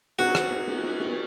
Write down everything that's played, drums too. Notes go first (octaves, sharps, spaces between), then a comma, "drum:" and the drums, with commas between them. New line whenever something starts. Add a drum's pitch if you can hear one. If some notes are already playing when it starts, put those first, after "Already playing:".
F#4, drum: cymbal
drum: rim click
drum: cymbal
drum: cymbal
drum: cymbal
drum: cymbal